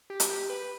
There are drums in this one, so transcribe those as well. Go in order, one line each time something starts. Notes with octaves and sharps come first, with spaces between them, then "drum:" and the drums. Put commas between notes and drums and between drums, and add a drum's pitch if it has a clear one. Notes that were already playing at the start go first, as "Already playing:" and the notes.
G4
drum: hi-hat
G4
B4